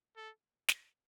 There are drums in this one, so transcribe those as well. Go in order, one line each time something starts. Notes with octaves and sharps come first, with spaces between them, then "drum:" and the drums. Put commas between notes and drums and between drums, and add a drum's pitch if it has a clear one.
A4
drum: snare